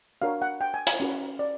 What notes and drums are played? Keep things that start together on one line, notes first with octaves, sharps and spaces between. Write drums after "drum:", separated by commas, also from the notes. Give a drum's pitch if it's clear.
D4 F#4 A#4 C#5 F5
F#5
G5
G#5
G#5, drum: hi-hat
C#4 F#4 B4
D5